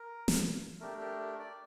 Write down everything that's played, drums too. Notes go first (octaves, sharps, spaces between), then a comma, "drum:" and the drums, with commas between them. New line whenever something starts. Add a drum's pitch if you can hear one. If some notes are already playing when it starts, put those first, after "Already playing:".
Already playing: A#4
drum: snare
A3 D4 G4 A#4
A#4
A#4
D5